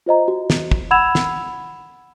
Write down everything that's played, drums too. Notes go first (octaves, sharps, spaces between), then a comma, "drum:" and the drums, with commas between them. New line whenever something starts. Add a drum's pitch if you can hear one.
F4 C5 D#5 A#5
F#4
drum: snare
drum: kick
F#5 B5 E6 G#6 E7 F7
drum: snare